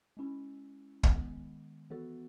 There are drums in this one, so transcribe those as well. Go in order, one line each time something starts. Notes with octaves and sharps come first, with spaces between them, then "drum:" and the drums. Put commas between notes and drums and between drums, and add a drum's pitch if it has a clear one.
G#3 C#4 E4
D#3 G#3 B3, drum: kick
E3 B3 F#4 A4